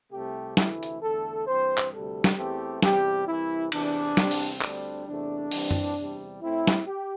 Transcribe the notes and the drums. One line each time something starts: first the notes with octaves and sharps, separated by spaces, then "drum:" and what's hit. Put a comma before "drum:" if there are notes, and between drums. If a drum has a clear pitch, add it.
C2 C3 A3 C4 G4
D2 C3 E3 A3 E4, drum: snare
drum: hi-hat
E2 D3 A3 A4
G2 E3 C4 C5
drum: clap
D2 C3 G3 A4
drum: snare
E2 E3 A3 C4 G4
E2 C3 G3 C4 G4, drum: snare
C2 C3 E3 E4
E2 C3 E3 D4, drum: cymbal
E2 C3 G3 C4, drum: snare
drum: open hi-hat
D2 D3 G3 C4 D4, drum: clap
E2 C3 A3 C4 D4
C2 C3 E3 G3 C4, drum: open hi-hat
drum: tom F#2
E2 C3 G3
A2 A3 C4 E4
drum: snare
G4